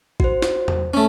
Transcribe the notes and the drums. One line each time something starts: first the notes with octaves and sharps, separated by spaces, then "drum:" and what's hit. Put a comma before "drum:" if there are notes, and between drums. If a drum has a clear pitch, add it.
F#4 C5, drum: kick G#1
drum: snare
drum: tom E2
A3 C#4